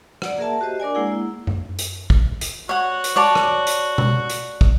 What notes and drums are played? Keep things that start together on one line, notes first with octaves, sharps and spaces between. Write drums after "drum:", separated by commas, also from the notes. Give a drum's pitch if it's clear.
D5 F#5, drum: rim click
A#3 G#4 A#4 E5 A5
F#4 G4 C5 D#5
D4 A#4 D5 G#5
G#3 A#3 E4 G#4 F#5
A#3 E4
drum: tom F#2
drum: hi-hat
drum: kick
drum: hi-hat
F#4 C#5 F#5
drum: hi-hat
C#5 D5 A5
drum: rim click
drum: hi-hat
drum: tom B2
drum: hi-hat
drum: kick